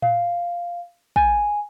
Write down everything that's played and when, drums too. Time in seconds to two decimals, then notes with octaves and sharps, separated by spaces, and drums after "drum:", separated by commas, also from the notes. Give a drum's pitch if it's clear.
0.02 F5, drum: tom A2
1.16 G#5, drum: kick